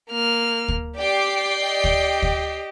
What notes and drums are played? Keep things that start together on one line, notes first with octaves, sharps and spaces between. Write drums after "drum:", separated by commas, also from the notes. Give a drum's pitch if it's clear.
A#3 F6
drum: kick D2
G4 D5 G5 D6 C7
G4 D#5
drum: kick D2
drum: kick D2